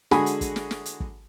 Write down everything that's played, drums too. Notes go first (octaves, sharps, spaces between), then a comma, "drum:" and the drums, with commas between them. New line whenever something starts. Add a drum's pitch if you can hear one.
D3 G#3 F#4 G#4 G#5 B5, drum: snare
drum: hi-hat
drum: kick, hi-hat
drum: snare
drum: snare
drum: hi-hat
drum: kick